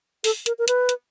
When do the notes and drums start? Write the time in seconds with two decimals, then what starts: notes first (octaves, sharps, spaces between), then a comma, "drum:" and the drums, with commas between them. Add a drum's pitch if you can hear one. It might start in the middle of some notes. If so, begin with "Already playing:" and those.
0.24 A4, drum: open hi-hat
0.46 A#4, drum: hi-hat
0.59 A#4
0.68 B4, drum: hi-hat
0.89 drum: hi-hat